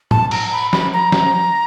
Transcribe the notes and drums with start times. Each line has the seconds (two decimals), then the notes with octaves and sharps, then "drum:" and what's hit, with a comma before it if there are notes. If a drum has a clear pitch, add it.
0.11 A5, drum: tom A2
0.31 A#5, drum: cymbal
0.52 B5
0.73 B5, drum: snare
0.93 A#5
1.12 drum: snare